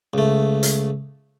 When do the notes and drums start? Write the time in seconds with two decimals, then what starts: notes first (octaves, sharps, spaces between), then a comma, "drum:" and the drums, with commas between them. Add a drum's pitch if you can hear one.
0.14 C#2 A3
0.63 drum: hi-hat